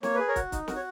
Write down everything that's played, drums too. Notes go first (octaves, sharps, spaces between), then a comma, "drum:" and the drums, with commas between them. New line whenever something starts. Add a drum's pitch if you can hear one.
A#3 C#5, drum: snare
G#4 B4
A#4 C#5
F#4, drum: kick, hi-hat
D#4, drum: kick, hi-hat
F#4 A#4, drum: snare
C#5